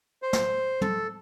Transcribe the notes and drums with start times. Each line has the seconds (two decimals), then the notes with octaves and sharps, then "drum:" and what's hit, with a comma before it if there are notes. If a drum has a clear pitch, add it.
0.22 C5
0.33 drum: snare
0.81 A4, drum: tom